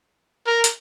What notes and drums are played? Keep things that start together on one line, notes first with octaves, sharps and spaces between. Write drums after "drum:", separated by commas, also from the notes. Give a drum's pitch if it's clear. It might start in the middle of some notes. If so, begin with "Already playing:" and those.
A#4
drum: hi-hat